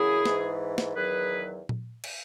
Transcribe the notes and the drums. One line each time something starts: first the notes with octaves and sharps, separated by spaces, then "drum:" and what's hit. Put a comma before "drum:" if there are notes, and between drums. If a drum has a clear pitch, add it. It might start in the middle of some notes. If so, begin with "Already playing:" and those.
Already playing: F#2 C#3 F#3 E4 G#4
G#2 E3, drum: snare
drum: snare
E2 D#3 F#3 G#4 B4
drum: tom A#2
drum: cymbal